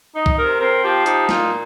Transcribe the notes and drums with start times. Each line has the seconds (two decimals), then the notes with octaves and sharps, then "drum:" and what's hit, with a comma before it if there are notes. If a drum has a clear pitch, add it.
0.15 D#4 D#5
0.26 drum: kick
0.38 C3 A#4
0.61 C4 A#4
0.84 F3 G4
1.06 D#4 G4, drum: hi-hat
1.29 A#2 F4, drum: snare